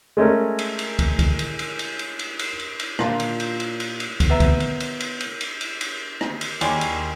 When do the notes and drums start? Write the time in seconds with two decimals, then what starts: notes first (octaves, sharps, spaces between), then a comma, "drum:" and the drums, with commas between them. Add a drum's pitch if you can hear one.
0.17 G#3 A3 C#4 A#4
0.59 drum: cymbal
0.79 drum: cymbal
0.99 drum: kick, cymbal
1.19 drum: kick, cymbal
1.39 drum: cymbal
1.59 drum: cymbal
1.79 drum: cymbal
1.99 drum: cymbal
2.19 drum: cymbal
2.39 drum: cymbal
2.59 drum: cymbal
2.80 drum: cymbal
2.99 A#2 D4 F4, drum: rim click
3.20 drum: cymbal
3.40 drum: cymbal
3.60 drum: cymbal
3.80 drum: cymbal
4.00 drum: cymbal
4.20 drum: kick, cymbal
4.30 B3 E5 A#5
4.40 drum: kick, cymbal
4.60 drum: cymbal
4.80 drum: cymbal
5.00 drum: cymbal
5.21 drum: cymbal
5.41 drum: cymbal
5.61 drum: cymbal
5.81 drum: cymbal
6.21 drum: rim click
6.41 drum: cymbal
6.61 D#2 G3 G#3 C#4 D5 C6, drum: cymbal
6.81 drum: cymbal